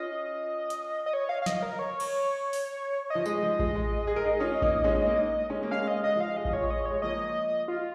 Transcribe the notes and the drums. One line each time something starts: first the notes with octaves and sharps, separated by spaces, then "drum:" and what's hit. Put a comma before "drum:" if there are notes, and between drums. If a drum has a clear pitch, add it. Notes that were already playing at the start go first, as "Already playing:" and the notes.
Already playing: C#4 F4 D#5
drum: hi-hat
D#5
C#5
F5
F5
D#5, drum: snare
A#4
C#5
drum: cymbal
drum: open hi-hat
F3 D#5
G#3, drum: tambourine
F3
G#3, drum: kick A1
G#3
G#4
A#4
D#4 G#4
C#4 F4
A#3 D#4, drum: kick A1
G#3 C#4
C#4
A#3 D#4
G#3 C#4
A#3
G#3 C#4 F5
D#5
G#3
G#3 D#5
F3
F5
G#3 D#5
F3, drum: kick A1
G#3 C#5
D#5
G#3 C#5
F3 A#3 D#5
F4